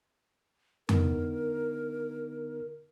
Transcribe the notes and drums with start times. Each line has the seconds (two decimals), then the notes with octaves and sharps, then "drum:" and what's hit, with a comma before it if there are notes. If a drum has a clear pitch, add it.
0.89 D3 B3 D#4 A#4, drum: tom F2